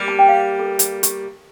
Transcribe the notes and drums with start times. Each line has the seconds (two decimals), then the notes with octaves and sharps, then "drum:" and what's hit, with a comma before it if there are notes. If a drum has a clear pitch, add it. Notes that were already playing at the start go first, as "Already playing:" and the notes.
Already playing: G3 A#3
0.08 A5
0.19 G5
0.29 F5
0.59 A4
0.66 A#4
0.79 drum: hi-hat
1.03 G4, drum: hi-hat